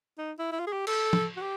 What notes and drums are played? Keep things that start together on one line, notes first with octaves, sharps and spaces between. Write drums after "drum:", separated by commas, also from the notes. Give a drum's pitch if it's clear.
D#4
E4
E4
F4
G#4
G4
A4, drum: cymbal
drum: tom
F#4
G4